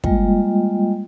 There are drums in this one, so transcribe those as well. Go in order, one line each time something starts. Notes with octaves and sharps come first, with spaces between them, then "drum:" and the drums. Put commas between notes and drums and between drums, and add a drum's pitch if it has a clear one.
G3 G#3 A#3 F4 D#5 G5, drum: kick